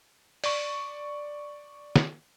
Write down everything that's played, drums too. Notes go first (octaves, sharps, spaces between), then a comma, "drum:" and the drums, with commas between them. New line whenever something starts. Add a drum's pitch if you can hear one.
D5 C#6, drum: open hi-hat
drum: snare